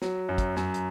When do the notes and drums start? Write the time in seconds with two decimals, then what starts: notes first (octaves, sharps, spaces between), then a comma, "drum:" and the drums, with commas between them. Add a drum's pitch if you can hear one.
0.02 F#3, drum: snare
0.29 F#2
0.38 drum: kick, hi-hat
0.56 F#2, drum: snare
0.74 drum: hi-hat